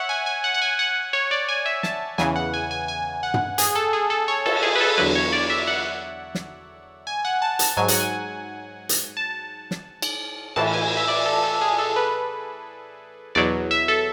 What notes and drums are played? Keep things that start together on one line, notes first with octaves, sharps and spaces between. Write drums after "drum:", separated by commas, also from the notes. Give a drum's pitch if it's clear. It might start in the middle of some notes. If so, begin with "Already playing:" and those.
Already playing: C#5 E5 F#5
G#5
G#5
F#5
F#5
G#5
F#5
C#5
D5
G#5
E5
A5, drum: snare
E2 C#3 E3 G#5, drum: snare
F#5
G#5
G#5
G#5
F#5
drum: tom
G#4, drum: hi-hat
A4
G#4
A4
C#5
A4, drum: cymbal
G#4
B4
A4
E2 D3 F#3 B4
C#5
D5
E5
F#5
drum: snare
G#5
F#5
A5
A5, drum: hi-hat
G#2 F#3 G#5
F#5, drum: hi-hat
G#5
drum: hi-hat
A5
drum: snare
drum: cymbal
A2 E3 A5, drum: cymbal
G#5
E5
D5
A4
A4
G#4
A4
B4
E2 B2 F#3 D5
E5
A4